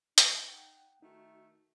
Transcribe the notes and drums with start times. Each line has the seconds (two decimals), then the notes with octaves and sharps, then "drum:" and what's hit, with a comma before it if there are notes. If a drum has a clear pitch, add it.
0.18 D#4 C#6, drum: hi-hat
0.47 F#5 G5
1.02 D#3 A3 D#4 F#4